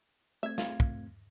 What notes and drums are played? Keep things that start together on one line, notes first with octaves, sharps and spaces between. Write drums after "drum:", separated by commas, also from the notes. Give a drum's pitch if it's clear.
A3 C4 E5 G#6
F4, drum: snare
drum: kick